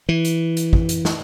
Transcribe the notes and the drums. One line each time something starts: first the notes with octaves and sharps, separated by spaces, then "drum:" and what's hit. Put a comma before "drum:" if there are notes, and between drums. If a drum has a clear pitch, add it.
E3
drum: hi-hat
drum: hi-hat
drum: kick
drum: hi-hat
drum: snare